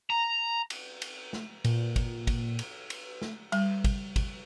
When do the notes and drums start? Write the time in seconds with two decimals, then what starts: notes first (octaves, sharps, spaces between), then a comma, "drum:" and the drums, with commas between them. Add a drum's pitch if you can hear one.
0.10 A#5
0.70 drum: cymbal
1.02 drum: cymbal
1.33 drum: snare
1.64 A#2, drum: cymbal
1.96 drum: kick, cymbal
2.27 drum: kick, cymbal
2.59 drum: cymbal
2.90 drum: cymbal
3.22 drum: snare
3.52 G3, drum: cymbal
3.84 drum: kick, cymbal
4.16 drum: kick, cymbal